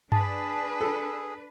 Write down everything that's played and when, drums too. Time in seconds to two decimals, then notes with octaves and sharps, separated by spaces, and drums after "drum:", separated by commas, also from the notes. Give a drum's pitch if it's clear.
0.12 D4 G#4 B4 A5, drum: tom G2
0.81 A4